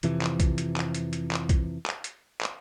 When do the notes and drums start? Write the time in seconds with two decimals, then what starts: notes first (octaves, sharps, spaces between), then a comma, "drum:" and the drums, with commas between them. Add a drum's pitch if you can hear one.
0.03 F2 C3 E3 F3, drum: hi-hat
0.21 drum: clap
0.40 drum: kick, hi-hat
0.58 drum: hi-hat
0.76 drum: clap
0.94 drum: hi-hat
1.13 drum: hi-hat
1.31 drum: clap
1.49 drum: kick, hi-hat
1.86 drum: clap
2.04 drum: hi-hat
2.41 drum: clap